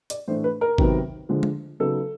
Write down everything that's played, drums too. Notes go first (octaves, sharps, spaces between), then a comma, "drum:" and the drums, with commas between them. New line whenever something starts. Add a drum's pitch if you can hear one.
D5, drum: hi-hat
A2 E3 A3 D4 C5
B4
A#4
C3 D#3 F#3 B3, drum: kick G#1
D3 F3 G#3
drum: tom G#3
C#3 F#3 B3 D#4 A4